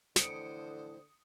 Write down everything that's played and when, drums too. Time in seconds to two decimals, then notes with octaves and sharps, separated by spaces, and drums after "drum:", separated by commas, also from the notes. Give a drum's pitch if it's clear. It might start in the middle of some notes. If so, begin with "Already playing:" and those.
0.16 F2 A2 D3 E3 C5 D#6 C#7 D7, drum: snare